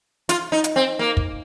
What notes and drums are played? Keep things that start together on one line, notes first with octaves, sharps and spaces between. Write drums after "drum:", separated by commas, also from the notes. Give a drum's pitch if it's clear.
F4, drum: hi-hat
D#4
drum: hi-hat
C4
A#3
drum: kick